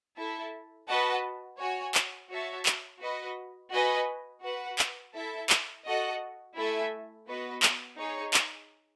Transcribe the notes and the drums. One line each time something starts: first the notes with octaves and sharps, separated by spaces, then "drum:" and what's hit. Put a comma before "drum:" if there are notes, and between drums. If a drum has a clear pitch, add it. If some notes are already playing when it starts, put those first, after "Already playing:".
E4 A4 E5 A5
F#4 B4 D#5 F#5 A5
F#4 C#5 G#5
drum: clap
F#4 C#5 E5 A5
drum: clap
F#4 B4 D#5
F#4 B4 D#5 G#5
F#4 B4 F#5
drum: clap
E4 A4 E5 A5
drum: clap
F#4 A4 D#5 F#5
A3 E4 A4 E5 G#5
B3 F#4 B4 D#5
drum: clap
D#4 G#4 C#5
drum: clap